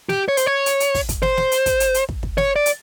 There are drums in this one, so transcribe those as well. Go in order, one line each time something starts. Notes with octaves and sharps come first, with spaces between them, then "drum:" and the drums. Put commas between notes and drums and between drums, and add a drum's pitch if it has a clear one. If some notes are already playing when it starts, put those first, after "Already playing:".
G4, drum: snare
C#5
C5, drum: hi-hat
C#5
drum: hi-hat
drum: hi-hat
drum: kick, open hi-hat
drum: kick, hi-hat
C5, drum: snare
drum: snare
drum: hi-hat
drum: kick, hi-hat
drum: hi-hat
drum: hi-hat
drum: kick
drum: kick
C#5, drum: snare
D5
drum: hi-hat